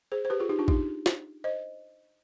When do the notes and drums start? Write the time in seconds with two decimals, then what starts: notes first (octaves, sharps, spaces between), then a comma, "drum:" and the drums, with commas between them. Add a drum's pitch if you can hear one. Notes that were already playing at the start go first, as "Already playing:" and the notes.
0.12 G#4 C5
0.25 C5
0.30 G4 B4
0.39 F4 G#4
0.49 D#4 G4
0.59 D4 F4
0.68 D#4 G4, drum: kick
1.06 drum: snare
1.44 C5 D#5